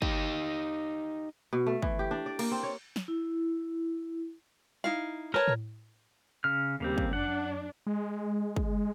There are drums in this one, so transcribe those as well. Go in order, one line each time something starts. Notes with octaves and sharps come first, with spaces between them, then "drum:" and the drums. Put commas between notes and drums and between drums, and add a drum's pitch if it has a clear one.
D#4 G4, drum: kick
B2
A3
E3, drum: kick
G4
D4
D5
A#3, drum: cymbal
C4
C#5
drum: snare
E4
D#4 E4 F5
A#4 B4 C#5 A5
drum: tom A2
C#3 F6
D#2 C#3 G3 A#3 C4
drum: kick
F#2 D4 F#5
G#3
drum: kick